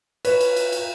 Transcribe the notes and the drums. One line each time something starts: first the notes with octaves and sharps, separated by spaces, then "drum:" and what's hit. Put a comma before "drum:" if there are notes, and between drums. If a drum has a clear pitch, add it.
B4 C#5, drum: cymbal
drum: cymbal
drum: cymbal
drum: cymbal